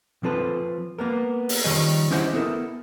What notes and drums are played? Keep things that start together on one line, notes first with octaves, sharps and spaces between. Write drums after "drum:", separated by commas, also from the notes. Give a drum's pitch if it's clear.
F3 C4 A4 B4
A#3 B3 A#4
drum: open hi-hat
D#3 F3 G3 C#5 D#5
C#4 E4 G4 C5 D#5 F#5, drum: snare
B3 E4 A4 A#4 E5